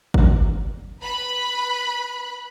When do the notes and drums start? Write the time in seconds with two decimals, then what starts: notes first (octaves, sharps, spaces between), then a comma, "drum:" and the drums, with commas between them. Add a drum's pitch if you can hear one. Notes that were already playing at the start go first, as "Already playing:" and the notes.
0.14 drum: kick G1
1.01 B4 B5 F#6